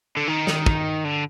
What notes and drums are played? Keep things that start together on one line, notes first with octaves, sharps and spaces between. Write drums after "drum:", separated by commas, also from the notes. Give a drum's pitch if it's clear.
D3
D#3
drum: snare
drum: kick
D3